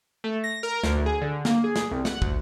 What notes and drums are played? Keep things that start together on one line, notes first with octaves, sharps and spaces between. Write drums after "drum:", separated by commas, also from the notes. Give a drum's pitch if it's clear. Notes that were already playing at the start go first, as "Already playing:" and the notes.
A3
A#6
A#4
D2, drum: snare
G#4
D3
A#3, drum: snare
G#4
drum: snare
C2
F#5, drum: snare
D2, drum: kick